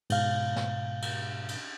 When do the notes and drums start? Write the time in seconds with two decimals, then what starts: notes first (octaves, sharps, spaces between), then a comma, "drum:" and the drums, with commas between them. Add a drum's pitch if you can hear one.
0.10 G#2 B2 F5, drum: cymbal
0.56 drum: snare
1.02 drum: cymbal
1.48 drum: cymbal